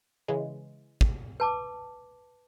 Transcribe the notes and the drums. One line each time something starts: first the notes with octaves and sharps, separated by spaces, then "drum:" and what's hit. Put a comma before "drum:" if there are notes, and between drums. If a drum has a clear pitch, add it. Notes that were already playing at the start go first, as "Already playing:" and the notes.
C#3 E3 G#3
drum: kick
B4 A5 D6